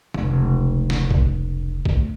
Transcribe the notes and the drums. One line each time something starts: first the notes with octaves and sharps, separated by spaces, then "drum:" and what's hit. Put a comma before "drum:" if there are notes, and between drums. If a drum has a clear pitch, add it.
F1 C#2, drum: tom
drum: snare
drum: kick
D2, drum: kick